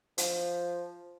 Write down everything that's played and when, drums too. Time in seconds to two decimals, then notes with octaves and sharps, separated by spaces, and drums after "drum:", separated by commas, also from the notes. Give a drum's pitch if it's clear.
0.18 F3, drum: hi-hat